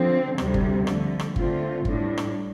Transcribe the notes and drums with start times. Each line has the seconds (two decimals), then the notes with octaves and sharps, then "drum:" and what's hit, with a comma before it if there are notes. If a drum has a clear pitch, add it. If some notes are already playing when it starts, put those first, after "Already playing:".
Already playing: D3 F3 C4
0.38 D2 C3 G3, drum: rim click
0.54 drum: kick G1
0.87 D3 F3 A3, drum: rim click
1.19 drum: rim click
1.36 D3 A3 C4 F4, drum: kick G1
1.85 A2 G3 D4, drum: kick G1
2.18 drum: rim click